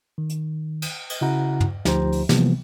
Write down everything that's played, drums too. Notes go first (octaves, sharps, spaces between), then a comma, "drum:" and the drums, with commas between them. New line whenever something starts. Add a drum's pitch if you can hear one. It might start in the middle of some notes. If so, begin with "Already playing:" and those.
D#3
drum: hi-hat
drum: cymbal
drum: cymbal
C#3 E4 F#4 F#5 A#5
drum: tom
D2 F3 D#4 G4 C5 A#5, drum: snare
drum: open hi-hat
C3 E3 F3 G3 A#3 B3, drum: snare